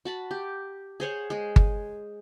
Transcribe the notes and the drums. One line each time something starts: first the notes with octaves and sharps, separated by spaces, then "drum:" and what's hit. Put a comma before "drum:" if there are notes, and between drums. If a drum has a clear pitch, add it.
F#4 A5 B5
G4
G#4 C5 C#5 F#5
G#3 G#4
drum: kick G1